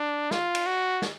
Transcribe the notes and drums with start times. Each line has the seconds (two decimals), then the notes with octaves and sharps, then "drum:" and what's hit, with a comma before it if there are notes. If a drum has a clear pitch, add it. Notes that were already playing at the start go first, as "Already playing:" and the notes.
Already playing: D4
0.31 F4, drum: snare
0.55 drum: cymbal
0.67 F#4
1.02 drum: snare